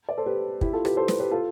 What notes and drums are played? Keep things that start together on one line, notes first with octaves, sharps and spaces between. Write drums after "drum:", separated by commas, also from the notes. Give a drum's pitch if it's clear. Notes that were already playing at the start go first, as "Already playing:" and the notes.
B4 D5
A4 C5
G4 B4
E4 G4, drum: kick
F4 A4
G4 B4, drum: rim click
A4 C5
G4 B4, drum: snare
G4 B4
F4 A4